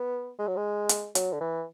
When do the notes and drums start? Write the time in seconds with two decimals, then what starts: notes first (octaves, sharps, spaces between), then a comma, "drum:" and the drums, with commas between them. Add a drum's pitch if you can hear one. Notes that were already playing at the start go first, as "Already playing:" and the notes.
Already playing: B3
0.39 G#3
0.47 F#3
0.56 G#3
0.89 drum: hi-hat
1.15 F#3, drum: hi-hat
1.33 D3
1.41 E3